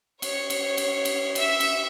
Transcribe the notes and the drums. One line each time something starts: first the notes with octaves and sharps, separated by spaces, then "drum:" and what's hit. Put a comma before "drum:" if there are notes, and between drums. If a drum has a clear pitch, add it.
C#5, drum: cymbal
drum: cymbal
drum: cymbal
drum: cymbal
E5, drum: cymbal
drum: cymbal